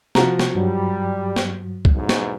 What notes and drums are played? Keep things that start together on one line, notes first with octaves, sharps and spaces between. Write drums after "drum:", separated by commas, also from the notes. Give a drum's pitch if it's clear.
C3 F3 F#4 A#5, drum: snare
drum: snare
G2 F#3 G3
drum: snare
drum: kick
B1 E2 G#2
drum: snare